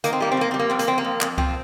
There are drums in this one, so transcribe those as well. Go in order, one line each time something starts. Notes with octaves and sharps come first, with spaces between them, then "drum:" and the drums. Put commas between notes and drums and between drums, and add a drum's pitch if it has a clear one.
D#3 A#3, drum: hi-hat
C4
G3 A#3
C4
F2 A#3
G3 C4
A#3
F2 C4
A#3, drum: hi-hat
F2 C4
A#3
F2
F2, drum: clap
F3 C4, drum: kick C#2